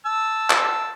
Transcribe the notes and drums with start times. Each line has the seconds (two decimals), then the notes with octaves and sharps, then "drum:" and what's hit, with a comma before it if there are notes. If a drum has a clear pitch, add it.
0.05 A5 E6
0.50 drum: clap